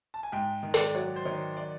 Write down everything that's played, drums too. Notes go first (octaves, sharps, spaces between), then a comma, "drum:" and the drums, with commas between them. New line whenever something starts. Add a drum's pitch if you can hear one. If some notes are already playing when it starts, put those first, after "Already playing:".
A5
G#5
G#2 G5
D#3
D5, drum: hi-hat
F#3 C#5
C5
D#3 C#5
D5